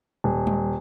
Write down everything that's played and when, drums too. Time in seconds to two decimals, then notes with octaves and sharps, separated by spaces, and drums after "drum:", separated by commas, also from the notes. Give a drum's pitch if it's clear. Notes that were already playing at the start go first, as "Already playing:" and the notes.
0.24 D#1
0.47 drum: tom G3